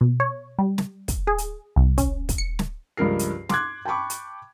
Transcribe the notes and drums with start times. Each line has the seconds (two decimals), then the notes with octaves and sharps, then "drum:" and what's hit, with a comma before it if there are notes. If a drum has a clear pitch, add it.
0.01 B2
0.20 C#5
0.59 G3
0.78 drum: snare
1.08 drum: kick, hi-hat
1.27 G#4
1.38 drum: hi-hat
1.76 C2
1.98 C#4, drum: kick, hi-hat
2.29 drum: kick, hi-hat
2.38 C#7
2.59 drum: snare
2.97 C#2 G2 F3 A#4 C7
3.19 drum: hi-hat
3.49 C6 D6 F#6 G#6, drum: snare
3.85 G5 A5 B5 C#6 D6
4.10 drum: hi-hat